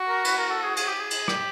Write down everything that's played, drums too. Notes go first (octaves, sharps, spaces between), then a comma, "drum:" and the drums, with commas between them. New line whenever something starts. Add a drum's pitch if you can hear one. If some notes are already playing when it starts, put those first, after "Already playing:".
Already playing: F#4
A#4
B4, drum: cymbal
A#4
A4
G#4
G#4, drum: cymbal
G4
G#4
drum: cymbal
G4, drum: rim click